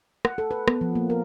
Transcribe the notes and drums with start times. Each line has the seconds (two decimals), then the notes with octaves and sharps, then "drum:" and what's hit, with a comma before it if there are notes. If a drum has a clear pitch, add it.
0.25 F#5, drum: rim click
0.38 A4
0.51 B4
0.68 B3, drum: rim click
0.81 F3
0.95 A#3
1.10 A#4